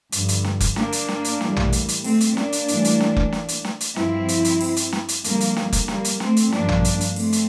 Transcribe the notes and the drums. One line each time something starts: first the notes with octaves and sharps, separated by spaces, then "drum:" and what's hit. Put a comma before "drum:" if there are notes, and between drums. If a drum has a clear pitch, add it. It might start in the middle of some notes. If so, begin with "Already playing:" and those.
G2 D3 F3, drum: hi-hat
drum: hi-hat
drum: snare
drum: kick F1, hi-hat
A#3 D4, drum: snare
drum: hi-hat
drum: snare
drum: hi-hat
A2 E3 G3, drum: snare
drum: tom
drum: hi-hat
drum: hi-hat
A3 C4, drum: open hi-hat
drum: hi-hat
A#3 D4, drum: snare
drum: hi-hat
A2 E3 G3, drum: hi-hat
drum: hi-hat
drum: snare
drum: kick F1
drum: snare
drum: hi-hat
drum: snare
drum: hi-hat
G2 F3 C4 E4, drum: snare
drum: hi-hat
drum: hi-hat
drum: open hi-hat
drum: hi-hat
drum: snare
drum: hi-hat
F2 D3 F3 G3 A#3, drum: hi-hat
drum: hi-hat
drum: snare
drum: kick F1, hi-hat
G3 A#3, drum: snare
drum: hi-hat
A3 C4, drum: snare
drum: hi-hat
G2 F3 A#3 D4, drum: snare
drum: tom
drum: hi-hat
drum: hi-hat
A3 C4, drum: open hi-hat
drum: hi-hat